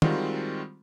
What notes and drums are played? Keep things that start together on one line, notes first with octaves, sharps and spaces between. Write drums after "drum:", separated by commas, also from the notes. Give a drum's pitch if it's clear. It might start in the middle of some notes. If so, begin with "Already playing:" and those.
D#3 G3 G#3 C4 F4 F#4, drum: tom